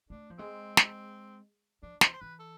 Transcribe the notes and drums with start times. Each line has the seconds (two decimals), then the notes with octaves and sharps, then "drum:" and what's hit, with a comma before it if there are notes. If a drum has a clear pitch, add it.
0.10 A3 D4
0.30 F3
0.38 G#3 C4
0.77 drum: snare
1.83 F3 D4
2.01 E3 C5, drum: snare
2.14 C5
2.21 E3 B4
2.40 A4